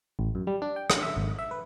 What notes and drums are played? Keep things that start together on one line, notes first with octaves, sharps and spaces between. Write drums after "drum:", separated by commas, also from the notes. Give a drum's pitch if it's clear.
A1
F#2
G3
D4
G5
C#4, drum: rim click
E5
G#1
E5
B4